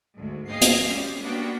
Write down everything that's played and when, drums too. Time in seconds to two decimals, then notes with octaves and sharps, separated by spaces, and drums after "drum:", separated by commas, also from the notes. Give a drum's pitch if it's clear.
0.16 D2 G#2
0.48 D#2 G#4 D#5 F5 G5 C7
0.61 drum: hi-hat
0.83 G3 G#3 C#4
1.22 A#3 B3 D4 F#4 F#5 G5